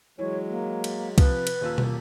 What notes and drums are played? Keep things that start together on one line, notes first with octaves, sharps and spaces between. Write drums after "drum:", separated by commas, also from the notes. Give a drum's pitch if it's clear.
E3 F#3 G#3 C#5
A#3
drum: cymbal
C3 F3 B4, drum: kick C2, cymbal
drum: cymbal
D#1 F4 E6
A#3, drum: tom